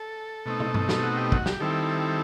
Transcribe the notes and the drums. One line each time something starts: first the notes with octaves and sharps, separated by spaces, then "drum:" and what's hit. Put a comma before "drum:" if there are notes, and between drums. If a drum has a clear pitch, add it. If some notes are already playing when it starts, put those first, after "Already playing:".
Already playing: A4
B2 A3 C4 D#4
drum: tom
drum: tom G2
drum: snare
F#4
G4
F#4, drum: kick
G4, drum: snare
D#3 G3 C4 E4 A4